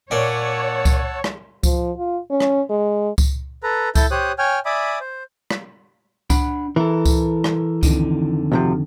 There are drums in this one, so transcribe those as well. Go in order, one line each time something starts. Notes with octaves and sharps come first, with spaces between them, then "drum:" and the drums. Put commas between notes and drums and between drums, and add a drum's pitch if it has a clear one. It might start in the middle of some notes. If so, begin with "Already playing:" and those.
A#2 C#5 D5 F#5 A5 E6
drum: kick C#2, tambourine
drum: rim click
F3, drum: kick C#2, tambourine
F4
C#4
drum: rim click
G#3
drum: kick C#2, tambourine
A4 B4 A#5
E4 A4 G6, drum: kick C#2, tambourine
G4 C5 C#5 D#6 F#6
C#5 G5 G#5 F6
D5 E5 G#5 B5 D6 D#6
C5
drum: rim click
D4 F#5 B5, drum: kick C#2, tambourine
E3 A4 A#4
drum: kick C#2, tambourine
drum: rim click
F2 D3 D#3, drum: kick C#2, tambourine
D2 C3 F3